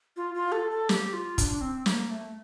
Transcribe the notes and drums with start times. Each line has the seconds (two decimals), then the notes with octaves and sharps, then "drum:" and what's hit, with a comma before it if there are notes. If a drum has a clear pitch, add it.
0.17 F4
0.35 F4
0.52 A4
0.71 A4
0.89 G4, drum: snare
1.13 F4
1.38 D4, drum: kick, hi-hat
1.50 D4
1.61 C4
1.86 A#3, drum: snare
2.11 A3